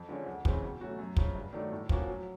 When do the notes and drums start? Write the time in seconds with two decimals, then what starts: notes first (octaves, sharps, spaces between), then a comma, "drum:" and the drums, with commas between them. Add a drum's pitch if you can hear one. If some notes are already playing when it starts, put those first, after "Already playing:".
Already playing: F2
0.09 D3 F3 G#3 C#4
0.26 D2
0.45 C#3 E3 G#3 C4, drum: kick
0.62 B2
0.81 F#3 A3 C#4 F#4
0.99 F#2
1.17 C#3 F3, drum: kick
1.35 G2
1.53 D#3 F#3 A3 D4
1.72 A2
1.89 F3 A#3 C#4 F#4, drum: kick
2.08 F#3